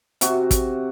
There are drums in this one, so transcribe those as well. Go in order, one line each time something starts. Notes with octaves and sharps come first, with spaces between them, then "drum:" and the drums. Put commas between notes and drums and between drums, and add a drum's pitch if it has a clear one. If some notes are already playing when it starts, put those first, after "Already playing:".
C3 F#4, drum: hi-hat
drum: kick, hi-hat